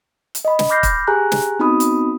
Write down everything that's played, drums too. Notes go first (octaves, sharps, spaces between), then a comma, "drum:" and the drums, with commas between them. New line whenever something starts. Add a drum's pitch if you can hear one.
drum: hi-hat
D#5 B5
drum: snare
B5 D6 F6 G6 A#6 C7
drum: kick, hi-hat
G4 G#4 G#5 A#5 F#6
drum: snare
B3 C4 D#4 F#4 B5 D#6
drum: hi-hat